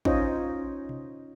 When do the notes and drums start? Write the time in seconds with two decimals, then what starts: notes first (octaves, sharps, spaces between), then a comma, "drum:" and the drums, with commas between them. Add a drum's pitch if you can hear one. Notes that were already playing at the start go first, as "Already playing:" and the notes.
0.05 C#4 D#4 F4 C5 C#5 D#5, drum: kick A1
0.89 drum: tom B2